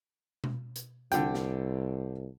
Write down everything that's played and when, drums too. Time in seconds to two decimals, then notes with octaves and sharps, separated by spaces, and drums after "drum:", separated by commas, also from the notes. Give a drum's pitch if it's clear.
0.44 drum: tom B2
0.76 drum: hi-hat
1.12 C2 D3 G5, drum: hi-hat
1.35 drum: snare